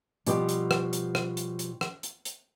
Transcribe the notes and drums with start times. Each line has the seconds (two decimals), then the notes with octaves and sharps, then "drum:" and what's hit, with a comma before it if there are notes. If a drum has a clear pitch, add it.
0.26 B2 F3 G3 G4, drum: hi-hat
0.49 drum: hi-hat
0.71 drum: rim click
0.93 drum: hi-hat
1.15 drum: rim click
1.37 drum: hi-hat
1.59 drum: hi-hat
1.81 drum: rim click
2.03 drum: hi-hat
2.25 drum: hi-hat